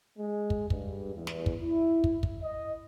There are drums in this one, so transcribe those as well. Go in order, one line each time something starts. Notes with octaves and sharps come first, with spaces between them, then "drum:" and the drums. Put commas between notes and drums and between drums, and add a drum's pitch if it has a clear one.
G#3
drum: kick
G2, drum: kick
E2
drum: snare
drum: kick
E4
drum: kick
drum: kick
D#5